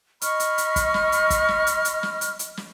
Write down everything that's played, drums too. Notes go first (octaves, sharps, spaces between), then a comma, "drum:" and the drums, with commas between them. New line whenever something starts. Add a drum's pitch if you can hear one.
D#5 B5 C#6 F6, drum: hi-hat
drum: hi-hat
drum: hi-hat
drum: kick, hi-hat
drum: snare
drum: hi-hat
drum: kick, hi-hat
drum: snare
drum: hi-hat
drum: hi-hat
drum: snare
drum: hi-hat
drum: hi-hat
drum: snare